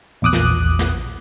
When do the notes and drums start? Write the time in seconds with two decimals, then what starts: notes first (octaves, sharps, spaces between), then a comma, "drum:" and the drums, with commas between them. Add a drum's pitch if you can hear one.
0.22 A#1 E2 D6 D#6 F#6
0.33 drum: snare
0.79 drum: snare